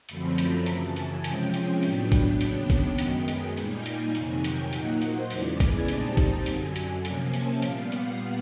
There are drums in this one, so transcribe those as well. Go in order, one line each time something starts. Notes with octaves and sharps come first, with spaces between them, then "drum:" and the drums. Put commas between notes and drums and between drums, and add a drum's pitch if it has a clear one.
F#2 D3 F3 A3 C4 B5, drum: hi-hat
A#5, drum: hi-hat
F#2 C#3 E3 A5, drum: hi-hat
G#5, drum: hi-hat
C3 F3 G#3 C#4 G5, drum: hi-hat
drum: hi-hat
A2 F#3 B3 D4, drum: open hi-hat
G5, drum: kick, hi-hat
D#2 C#3 F#3 B3 D4 G5, drum: hi-hat
drum: kick, hi-hat
F#2 D#3 G#3 B3, drum: hi-hat
G#5, drum: hi-hat
A#2 G3 A#3 D#4, drum: hi-hat
drum: hi-hat
F2 C3 D#3 F#3 G#5, drum: hi-hat
G5, drum: hi-hat
A#2 F#3 A#3 D#4 F#5, drum: hi-hat
C5, drum: hi-hat
E2 C#3 E3 G#3 B3 D5, drum: open hi-hat
G#5, drum: kick, hi-hat
A#2 G3 C4 D#4 A5, drum: hi-hat
A5, drum: kick, hi-hat
F#2 D3 F#3 G#5, drum: hi-hat
drum: hi-hat
C3 F3 A#3 C#4, drum: hi-hat
A5, drum: hi-hat
A#2 G3 B3 F5, drum: hi-hat
F#5, drum: hi-hat